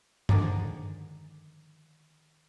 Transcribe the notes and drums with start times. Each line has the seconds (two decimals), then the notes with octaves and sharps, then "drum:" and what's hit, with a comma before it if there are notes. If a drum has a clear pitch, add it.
0.29 D3 D#3 F3 G#3 D4 D#4, drum: tom G2